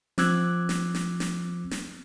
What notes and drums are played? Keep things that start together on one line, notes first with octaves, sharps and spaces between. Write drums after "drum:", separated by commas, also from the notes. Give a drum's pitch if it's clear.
F3 C4 D6 E6 F#6 G#6, drum: snare
drum: snare
drum: snare
drum: snare
drum: snare